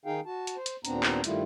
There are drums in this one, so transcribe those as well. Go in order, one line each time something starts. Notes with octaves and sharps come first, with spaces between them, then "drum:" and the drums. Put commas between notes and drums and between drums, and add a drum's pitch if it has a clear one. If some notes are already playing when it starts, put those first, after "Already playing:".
D#3 D#4 G#4 F5 G5
F#4 A5
drum: hi-hat
C5
drum: hi-hat
D#2 A#2 B3 C4 D4 A#5, drum: hi-hat
drum: clap
G2 D#3 G3 A3 E4 F4, drum: hi-hat